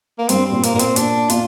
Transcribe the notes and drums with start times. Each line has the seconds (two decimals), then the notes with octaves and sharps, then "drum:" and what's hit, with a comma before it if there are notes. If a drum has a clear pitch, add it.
0.19 A#3
0.29 G2 C4, drum: hi-hat
0.46 C4
0.52 A#2
0.63 A#3, drum: hi-hat
0.74 A#2 A#3
0.79 C4, drum: hi-hat
0.96 A#2 D4, drum: hi-hat
1.30 A#2 F4, drum: hi-hat